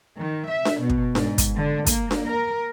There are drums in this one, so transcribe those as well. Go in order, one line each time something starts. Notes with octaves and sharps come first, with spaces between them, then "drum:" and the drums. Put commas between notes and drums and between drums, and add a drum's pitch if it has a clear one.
D#3
E5
drum: snare D4
B2
drum: kick
G#2, drum: snare D4
drum: kick, hi-hat
D3
A#3, drum: kick, hi-hat
drum: snare D4
A#4